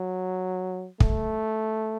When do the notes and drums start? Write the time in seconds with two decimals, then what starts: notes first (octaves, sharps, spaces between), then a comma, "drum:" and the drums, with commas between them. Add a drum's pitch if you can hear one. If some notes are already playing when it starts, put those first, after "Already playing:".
Already playing: F#3
1.00 A3, drum: kick